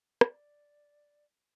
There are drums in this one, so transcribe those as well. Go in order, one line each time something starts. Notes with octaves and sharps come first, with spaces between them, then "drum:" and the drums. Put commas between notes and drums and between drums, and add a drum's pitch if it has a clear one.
D5, drum: rim click